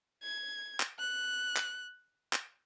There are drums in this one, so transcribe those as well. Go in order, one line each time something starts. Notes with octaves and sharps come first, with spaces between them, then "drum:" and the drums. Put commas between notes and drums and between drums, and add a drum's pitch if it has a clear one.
G#6
drum: clap
F#6
drum: clap
drum: clap